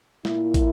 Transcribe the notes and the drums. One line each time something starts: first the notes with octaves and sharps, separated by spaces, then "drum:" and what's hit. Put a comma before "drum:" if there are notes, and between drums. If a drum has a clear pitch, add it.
A#2 A#3 E4, drum: snare
drum: kick, hi-hat